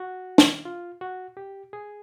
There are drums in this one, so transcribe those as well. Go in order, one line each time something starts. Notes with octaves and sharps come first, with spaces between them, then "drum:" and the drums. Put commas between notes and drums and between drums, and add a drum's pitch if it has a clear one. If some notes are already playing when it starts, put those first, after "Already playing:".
Already playing: F#4
drum: snare
F4
F#4
G4
G#4